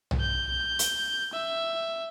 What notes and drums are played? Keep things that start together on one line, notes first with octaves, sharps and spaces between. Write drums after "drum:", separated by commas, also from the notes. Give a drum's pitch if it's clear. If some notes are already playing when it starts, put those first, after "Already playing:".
drum: tom
G6
drum: hi-hat
E5